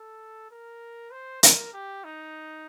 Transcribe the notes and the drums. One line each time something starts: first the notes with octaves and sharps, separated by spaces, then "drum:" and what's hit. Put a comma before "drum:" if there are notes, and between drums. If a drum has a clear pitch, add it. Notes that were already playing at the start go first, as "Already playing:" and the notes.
Already playing: A4
A#4
C5
A#4, drum: hi-hat
G4
D#4